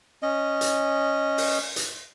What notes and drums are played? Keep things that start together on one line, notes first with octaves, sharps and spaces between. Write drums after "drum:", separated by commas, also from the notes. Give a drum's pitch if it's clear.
C#4 D#5
drum: hi-hat
drum: open hi-hat
drum: hi-hat